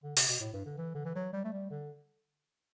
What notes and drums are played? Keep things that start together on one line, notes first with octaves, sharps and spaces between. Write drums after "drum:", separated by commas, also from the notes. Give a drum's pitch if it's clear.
D3
C3, drum: open hi-hat
B2
A2
G2
D3
E3
D3
E3
F#3
G3
A3
G3
D3